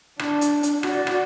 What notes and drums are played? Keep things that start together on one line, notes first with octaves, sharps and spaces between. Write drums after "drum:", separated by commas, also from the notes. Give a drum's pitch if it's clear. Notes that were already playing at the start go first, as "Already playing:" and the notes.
D4, drum: rim click
drum: hi-hat
drum: hi-hat
F#4 D5, drum: rim click
drum: rim click